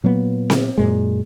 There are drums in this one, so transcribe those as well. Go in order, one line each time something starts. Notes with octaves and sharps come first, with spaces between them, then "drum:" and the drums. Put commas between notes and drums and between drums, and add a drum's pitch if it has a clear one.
A#2 F#3 A#3 B3
drum: snare C4
F#2 A#2 G#3